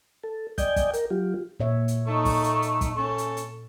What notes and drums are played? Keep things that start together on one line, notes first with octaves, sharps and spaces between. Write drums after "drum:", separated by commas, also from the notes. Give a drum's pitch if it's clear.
A4
D5 D#5 G5 G#5 G6, drum: kick, hi-hat
drum: kick, hi-hat
A#4, drum: hi-hat
F#3 F4 G4
A#2 C#5 E5
drum: hi-hat
A3 D#4 A4 C#6
drum: kick, open hi-hat
drum: hi-hat
drum: hi-hat
drum: kick, hi-hat
C#4 A4 C#6
drum: hi-hat
drum: hi-hat